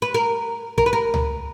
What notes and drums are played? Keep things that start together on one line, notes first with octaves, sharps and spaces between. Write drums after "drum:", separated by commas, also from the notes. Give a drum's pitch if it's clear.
B4
A#4
A#4, drum: kick
B4
A#4
drum: tom C#2